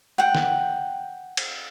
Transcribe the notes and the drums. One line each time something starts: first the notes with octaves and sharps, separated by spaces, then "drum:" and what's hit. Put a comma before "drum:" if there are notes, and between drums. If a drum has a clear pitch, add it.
F#5 G5
drum: snare
drum: cymbal